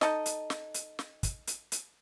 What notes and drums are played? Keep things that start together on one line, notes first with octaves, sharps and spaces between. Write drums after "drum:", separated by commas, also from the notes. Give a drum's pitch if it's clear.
D#4 A4 D#5, drum: snare
drum: hi-hat
drum: snare
drum: hi-hat
drum: snare
drum: kick, hi-hat
drum: hi-hat
drum: hi-hat